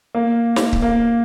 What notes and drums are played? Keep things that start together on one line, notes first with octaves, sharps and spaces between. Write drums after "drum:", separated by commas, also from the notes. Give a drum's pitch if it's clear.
A#3
drum: snare
drum: kick C#1
A#3